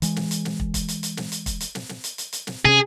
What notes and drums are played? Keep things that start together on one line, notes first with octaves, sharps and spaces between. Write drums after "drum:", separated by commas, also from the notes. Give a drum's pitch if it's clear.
E3 G#3, drum: hi-hat
drum: snare
drum: hi-hat
drum: snare
drum: kick
drum: kick, hi-hat
drum: hi-hat
drum: hi-hat
drum: snare
drum: hi-hat
drum: kick, hi-hat
drum: hi-hat
drum: snare
drum: snare
drum: hi-hat
drum: hi-hat
drum: hi-hat
drum: snare
C3 C4 C#4 G#4